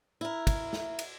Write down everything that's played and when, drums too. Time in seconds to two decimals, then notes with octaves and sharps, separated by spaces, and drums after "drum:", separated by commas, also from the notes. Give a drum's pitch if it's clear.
0.21 E4 A#4
0.47 drum: kick, cymbal
0.73 drum: snare
0.99 drum: cymbal